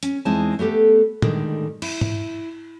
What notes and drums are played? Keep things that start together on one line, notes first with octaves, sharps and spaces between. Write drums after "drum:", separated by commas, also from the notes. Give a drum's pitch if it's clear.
C#4, drum: hi-hat
E2 G#3 C4 D#4 E4 A5
A3 B3 G4 A4
A2 D3 D#3 G3 G#3, drum: tom A2
E4, drum: cymbal
drum: tom G#2